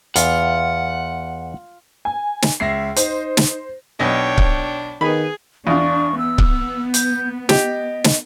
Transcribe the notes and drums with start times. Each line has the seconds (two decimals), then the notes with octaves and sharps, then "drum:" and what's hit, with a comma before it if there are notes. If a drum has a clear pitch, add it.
0.16 E2 F4 F#5, drum: hi-hat
2.05 G#5
2.42 drum: snare
2.60 C#2 E5 A#6 C7
2.96 D#4 C5, drum: hi-hat
3.37 drum: snare
4.00 B1 B2 D4 C#5 D#5 G5
4.38 drum: kick C#1
5.01 D#3 B3 G#4 B5
5.67 E2 D4 F4 C#6
6.18 B3 E6
6.38 drum: kick C#1
6.94 G6, drum: hi-hat
7.49 G4 D#5, drum: snare
8.04 drum: snare